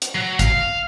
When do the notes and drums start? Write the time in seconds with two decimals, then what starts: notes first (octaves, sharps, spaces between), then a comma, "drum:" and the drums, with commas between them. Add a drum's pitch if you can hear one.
0.02 drum: hi-hat
0.15 F#3
0.39 F5, drum: kick, hi-hat